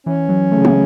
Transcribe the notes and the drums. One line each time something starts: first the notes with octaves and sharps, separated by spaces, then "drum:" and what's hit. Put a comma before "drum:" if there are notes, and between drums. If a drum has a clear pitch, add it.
E3 C#4
F#3
C#3 A3
drum: tom